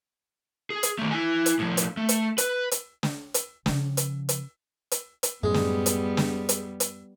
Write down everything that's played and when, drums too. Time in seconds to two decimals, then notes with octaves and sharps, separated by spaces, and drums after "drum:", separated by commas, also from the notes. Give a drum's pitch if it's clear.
0.70 G#4
0.83 drum: hi-hat
0.99 D#3 A3
1.11 E4 G#5
1.46 drum: hi-hat
1.59 A2 F3
1.77 drum: hi-hat
1.97 A3
2.09 drum: hi-hat
2.38 B4, drum: hi-hat
2.71 drum: hi-hat
3.03 drum: snare
3.34 drum: hi-hat
3.66 C#3 F3, drum: snare
3.97 drum: hi-hat
4.29 drum: hi-hat
4.91 drum: hi-hat
5.23 drum: hi-hat
5.43 F#2 A2 G3 G#3 B3
5.54 drum: snare
5.86 drum: hi-hat
6.17 drum: snare
6.49 drum: hi-hat
6.80 drum: hi-hat